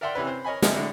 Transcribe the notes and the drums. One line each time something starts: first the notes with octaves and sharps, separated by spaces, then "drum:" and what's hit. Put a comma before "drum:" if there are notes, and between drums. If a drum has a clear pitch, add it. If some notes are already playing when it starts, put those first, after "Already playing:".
A#4 D5 E5 F#5 G5 C6
C3 E3 C#4 B4
C5
A#4 C#5 D#5 G#5 B5
D3 F#3 C4 E4 G#4 A#4, drum: snare
A2 D3 G#3 E4